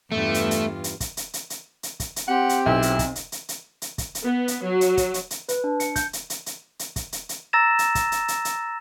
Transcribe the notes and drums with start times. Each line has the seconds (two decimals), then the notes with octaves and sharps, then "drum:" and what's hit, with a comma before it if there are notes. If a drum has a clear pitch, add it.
0.12 E2 G2 A3 F4
0.34 drum: hi-hat
0.51 drum: hi-hat
0.84 drum: hi-hat
1.00 drum: kick, hi-hat
1.17 drum: hi-hat
1.34 drum: hi-hat
1.50 drum: hi-hat
1.83 drum: hi-hat
2.00 drum: kick, hi-hat
2.16 drum: hi-hat
2.28 C4 G4 F#5
2.49 drum: hi-hat
2.66 B1 E4
2.82 drum: hi-hat
2.99 drum: kick, hi-hat
3.15 drum: hi-hat
3.32 drum: hi-hat
3.49 drum: hi-hat
3.82 drum: hi-hat
3.98 drum: kick, hi-hat
4.15 drum: hi-hat
4.24 B3
4.48 drum: hi-hat
4.64 F#3
4.81 drum: hi-hat
4.97 drum: kick, hi-hat
5.14 drum: hi-hat
5.31 drum: hi-hat
5.49 B4, drum: hi-hat
5.64 D4
5.80 C#7, drum: hi-hat
5.96 G6, drum: kick, hi-hat
6.13 drum: hi-hat
6.30 drum: hi-hat
6.46 drum: hi-hat
6.79 drum: hi-hat
6.96 drum: kick, hi-hat
7.12 drum: hi-hat
7.29 drum: hi-hat
7.53 A#5 E6 A6 A#6 E7
7.79 drum: hi-hat
7.95 drum: kick, hi-hat
8.12 drum: hi-hat
8.28 drum: hi-hat
8.45 drum: hi-hat